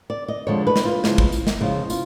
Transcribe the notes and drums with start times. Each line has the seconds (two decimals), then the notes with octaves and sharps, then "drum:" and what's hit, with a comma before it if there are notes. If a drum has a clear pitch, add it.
0.10 D5
0.28 D#5
0.47 F2 D3 F3 G#3 C#5
0.67 B4
0.76 drum: snare
0.85 F4
1.04 E2 C#3 F3 G#3, drum: snare
1.18 drum: kick
1.32 drum: tambourine
1.47 drum: snare
1.61 E2 C#3 F3 G#3 F4
1.90 F4, drum: tambourine